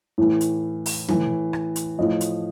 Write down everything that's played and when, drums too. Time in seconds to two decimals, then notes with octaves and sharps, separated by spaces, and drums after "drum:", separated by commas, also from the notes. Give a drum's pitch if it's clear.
0.18 A2 E3
0.41 drum: hi-hat
0.86 drum: open hi-hat
1.08 A2 E3, drum: tom
1.53 drum: rim click
1.76 drum: hi-hat
1.99 A2 F3 D#5
2.21 drum: hi-hat